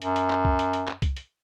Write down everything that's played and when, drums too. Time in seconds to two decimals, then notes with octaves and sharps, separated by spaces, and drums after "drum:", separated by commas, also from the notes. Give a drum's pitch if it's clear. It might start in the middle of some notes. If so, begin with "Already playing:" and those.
0.02 F#2, drum: hi-hat
0.16 drum: hi-hat
0.30 drum: clap
0.45 drum: kick C2
0.59 drum: hi-hat
0.73 drum: hi-hat
0.88 drum: clap
1.02 drum: kick C2, hi-hat
1.16 drum: hi-hat